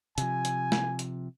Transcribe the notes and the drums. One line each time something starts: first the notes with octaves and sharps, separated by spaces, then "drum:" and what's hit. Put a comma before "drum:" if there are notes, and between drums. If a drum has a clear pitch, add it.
C3 F3 G#5, drum: hi-hat
drum: hi-hat
drum: snare
drum: hi-hat